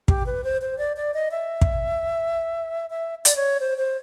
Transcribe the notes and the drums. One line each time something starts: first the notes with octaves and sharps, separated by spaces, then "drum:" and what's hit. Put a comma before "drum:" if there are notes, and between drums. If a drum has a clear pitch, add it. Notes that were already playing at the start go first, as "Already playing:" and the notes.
G4, drum: kick
B4
C5
C5
D5
D5
D#5
E5
drum: kick
E5
D5, drum: hi-hat
C#5
C5
C5